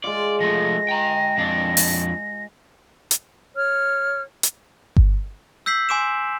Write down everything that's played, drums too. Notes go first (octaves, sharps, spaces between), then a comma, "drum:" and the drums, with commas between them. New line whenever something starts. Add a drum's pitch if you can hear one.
G#3 F4 D5
F3 A3 A#6
G5 A#5
F2 D4
drum: open hi-hat
drum: hi-hat
C#5 F6
drum: hi-hat
drum: kick G1
E6 G6 B6 C7 F#7
G#5 C6 D6 D7 E7